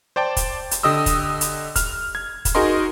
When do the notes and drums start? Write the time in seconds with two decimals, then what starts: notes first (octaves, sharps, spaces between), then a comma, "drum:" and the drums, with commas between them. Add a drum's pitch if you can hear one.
0.16 C5 D5 G5 A5
0.37 drum: kick, hi-hat
0.71 drum: hi-hat
0.83 D3 G4 D#5 D#6 E6
1.06 drum: kick, hi-hat
1.41 drum: hi-hat
1.76 F6, drum: kick, hi-hat
2.15 G#6
2.45 drum: kick, hi-hat
2.55 D#4 F#4 G#4 A#4 D#5 C6